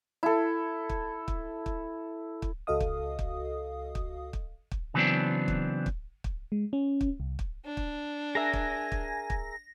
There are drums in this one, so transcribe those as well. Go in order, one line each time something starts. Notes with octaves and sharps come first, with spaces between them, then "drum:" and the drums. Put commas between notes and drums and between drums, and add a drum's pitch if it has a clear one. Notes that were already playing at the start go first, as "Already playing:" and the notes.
E4 A4
drum: kick
drum: kick
drum: kick
drum: kick
C#2 F#4 A4 D#5 F5 D#6
drum: kick
drum: kick
drum: kick
drum: kick
drum: kick
C#3 E3 F#3 B3 C4 D4
drum: kick
drum: kick
drum: kick
G#3
C#4
drum: kick
C2
drum: kick
D4
drum: kick
G#4 A#4 E5 G#5 A#6
drum: kick
drum: kick
drum: kick